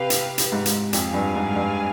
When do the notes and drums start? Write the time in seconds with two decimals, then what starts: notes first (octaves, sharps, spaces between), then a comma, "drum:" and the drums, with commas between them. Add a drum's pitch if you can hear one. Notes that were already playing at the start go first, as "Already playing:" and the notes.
Already playing: C3 G4 B4 F5
0.10 drum: hi-hat
0.38 drum: hi-hat
0.52 G#2
0.66 drum: hi-hat
0.93 F2 G#4 D5 F5 G#5, drum: hi-hat
1.14 G2
1.36 G#2
1.56 G2